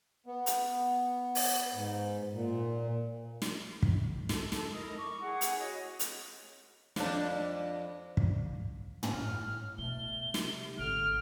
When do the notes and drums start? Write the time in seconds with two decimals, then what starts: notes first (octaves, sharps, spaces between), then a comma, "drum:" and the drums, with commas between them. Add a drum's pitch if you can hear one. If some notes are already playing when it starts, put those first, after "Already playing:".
0.26 B3
0.46 drum: hi-hat
1.35 drum: open hi-hat
1.74 G#2
2.33 A#2
3.42 drum: snare
3.82 drum: kick
4.29 A4, drum: snare
4.52 A4, drum: snare
4.73 E4 A#4 D#5 D#6
4.97 C#6 D6
5.20 E4 G#4 F#5
5.41 drum: hi-hat
5.58 F#4 C#5 D#5
5.99 drum: hi-hat
6.96 F2 D4, drum: snare
8.17 drum: kick
9.03 drum: tom
9.13 A2 D3 F6
9.78 B2 A3 G7
10.34 C3, drum: snare
10.79 G#1 D3 F6 D7